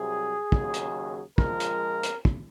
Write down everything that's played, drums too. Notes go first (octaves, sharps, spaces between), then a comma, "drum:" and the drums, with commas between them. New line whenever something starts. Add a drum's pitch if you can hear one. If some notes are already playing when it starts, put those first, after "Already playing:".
Already playing: C2 C3 F#3 G#4
D#2 C#3 F#3, drum: kick
drum: hi-hat
A#1 A#2 F3 G#3 A#4, drum: kick
drum: hi-hat
drum: hi-hat
drum: kick